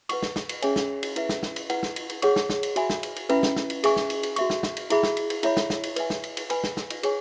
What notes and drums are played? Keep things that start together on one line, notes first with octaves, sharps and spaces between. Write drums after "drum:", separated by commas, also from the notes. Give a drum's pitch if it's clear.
B4 F#5 C#6, drum: cymbal
drum: snare
drum: snare
drum: cymbal
C#4 G#4 C#5 E5 G#5, drum: cymbal
drum: snare
drum: cymbal
E4 B4 E5, drum: cymbal
drum: snare
drum: snare
drum: cymbal
E4 B4 F#5, drum: cymbal
drum: snare
drum: cymbal
drum: cymbal
G#4 C#5 F#5 C#6, drum: cymbal
drum: snare
drum: snare
drum: cymbal
F#4 E5 G#5 B5, drum: cymbal
drum: snare
drum: cymbal
drum: cymbal
C#4 E4 B4 E5 B5, drum: cymbal
drum: snare
drum: snare
drum: cymbal
G#4 E5 G#5 C#6, drum: cymbal
drum: snare
drum: cymbal
drum: cymbal
F#4 E5 C#6, drum: cymbal
drum: snare
drum: snare
drum: cymbal
E4 G#4 E5 B5, drum: cymbal
drum: snare
drum: cymbal
drum: cymbal
E4 C#5 E5 B5, drum: cymbal
drum: snare
drum: snare
drum: cymbal
B4 E5 G#5, drum: cymbal
drum: snare
drum: cymbal
drum: cymbal
B4 G#5 B5, drum: cymbal
drum: snare
drum: snare
drum: cymbal
G#4 C#5 G#5 C#6, drum: cymbal